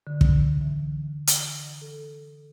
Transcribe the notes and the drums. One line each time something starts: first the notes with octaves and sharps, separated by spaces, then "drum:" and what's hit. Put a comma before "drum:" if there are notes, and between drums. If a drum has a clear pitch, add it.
D3
drum: kick
E3
drum: hi-hat
A4